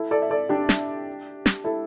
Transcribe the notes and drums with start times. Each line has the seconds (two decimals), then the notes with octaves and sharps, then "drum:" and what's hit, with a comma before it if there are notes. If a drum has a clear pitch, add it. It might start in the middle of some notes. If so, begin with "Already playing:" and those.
Already playing: E4 A4
0.11 A4 D5
0.22 E5
0.30 A4 D5
0.49 D4 G4
0.69 drum: snare
1.46 drum: snare
1.64 E4 A4